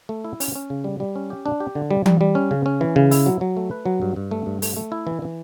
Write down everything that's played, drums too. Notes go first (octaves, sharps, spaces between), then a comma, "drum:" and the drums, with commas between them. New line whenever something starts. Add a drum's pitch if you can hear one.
A3
E4
C#4, drum: open hi-hat
C#4
C#3
G3
G3
C#4
G4
D4
G4
D3
G3
G3, drum: tom E3
G3
C#4
C#3
C#4
E3
C#3
E4, drum: open hi-hat
F#3
F#3
A3
B4
F#3
G2
G2
A3
G2
A3, drum: open hi-hat
A3
E4
E3
E3